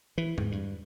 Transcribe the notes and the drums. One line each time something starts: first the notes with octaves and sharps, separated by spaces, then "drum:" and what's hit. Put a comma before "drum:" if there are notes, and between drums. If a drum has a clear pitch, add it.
E3
G#2, drum: tom E2
G2